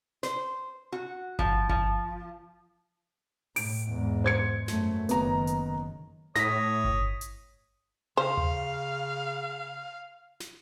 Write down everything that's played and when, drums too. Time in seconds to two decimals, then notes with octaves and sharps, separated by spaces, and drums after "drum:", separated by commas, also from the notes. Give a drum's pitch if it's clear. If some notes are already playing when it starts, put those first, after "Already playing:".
0.23 C5, drum: snare
0.92 F#4
1.39 F3, drum: kick G1
1.69 F3, drum: kick G1
3.56 A2 D7, drum: open hi-hat
3.88 E2 G#2
4.24 C5 G#6 C#7
4.68 F#2 A3, drum: snare
5.09 F#1 D#3 B3 A#5, drum: hi-hat
5.47 drum: hi-hat
6.36 A2 C#5 D#6 A#6 B6, drum: snare
6.84 drum: kick G1
7.21 drum: hi-hat
8.17 C#3 C5 F5
8.37 drum: tom D#2
10.40 drum: snare